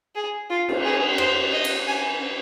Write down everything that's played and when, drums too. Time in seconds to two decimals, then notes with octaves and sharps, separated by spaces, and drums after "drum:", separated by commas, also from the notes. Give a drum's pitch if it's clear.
0.15 G#4
0.50 F4
0.69 drum: cymbal
0.84 G#4
1.18 C5, drum: rim click
1.52 D#5
1.64 drum: cymbal
1.87 G#5